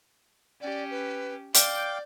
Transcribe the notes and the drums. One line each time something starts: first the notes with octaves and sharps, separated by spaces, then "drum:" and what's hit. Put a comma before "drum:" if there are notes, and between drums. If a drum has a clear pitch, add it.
C#4 G4 D5
B4
D5 F5 G5 D6 G6, drum: hi-hat